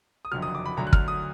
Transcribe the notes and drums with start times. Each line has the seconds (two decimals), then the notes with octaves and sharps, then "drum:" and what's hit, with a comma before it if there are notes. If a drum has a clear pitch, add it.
0.25 D#6
0.32 F#1 F2 D3 F#3 F6
0.42 D#6
0.55 D6
0.66 B5
0.77 D2 D3 F#3 A#5
0.87 F#6
0.93 F6, drum: kick
1.08 D#6